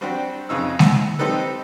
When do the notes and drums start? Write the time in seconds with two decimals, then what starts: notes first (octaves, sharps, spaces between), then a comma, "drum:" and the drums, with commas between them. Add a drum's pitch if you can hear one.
0.01 G3 C4 D4 F#4 G4
0.49 F2 C#3 D#4 E6
0.79 E6, drum: snare G#3
1.19 C4 D#4 G4 A4 B4